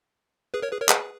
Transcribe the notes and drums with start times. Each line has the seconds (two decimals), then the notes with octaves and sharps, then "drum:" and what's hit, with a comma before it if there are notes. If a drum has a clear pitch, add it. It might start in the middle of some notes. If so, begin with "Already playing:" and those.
0.54 G#4 B4
0.62 A#4 C#5
0.71 G#4 B4
0.81 A#4 C#5
0.89 G#4 B4, drum: clap